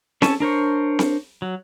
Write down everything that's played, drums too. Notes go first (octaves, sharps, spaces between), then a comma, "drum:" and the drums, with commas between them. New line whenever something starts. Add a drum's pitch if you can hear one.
C#4 A4 C#5 G#5 A5, drum: snare C4
D4 A#4 C5 C#5
drum: snare C4
F#3